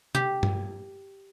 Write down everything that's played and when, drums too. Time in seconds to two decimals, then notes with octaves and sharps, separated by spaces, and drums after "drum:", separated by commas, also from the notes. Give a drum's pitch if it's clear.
0.15 G4, drum: tom C3
0.43 drum: tom G2